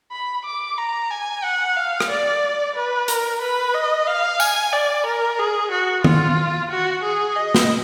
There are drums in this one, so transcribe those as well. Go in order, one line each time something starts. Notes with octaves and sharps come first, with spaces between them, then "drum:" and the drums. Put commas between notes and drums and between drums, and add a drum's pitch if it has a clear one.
B5
D6
A#5
G#5
F#5
F5
drum: rim click
D5
B4
A#4, drum: hi-hat
B4
D#5
F5
G#5, drum: tambourine
D5
A#4
G#4
F#4
F4, drum: tom
F#4
G#4
D#5
drum: snare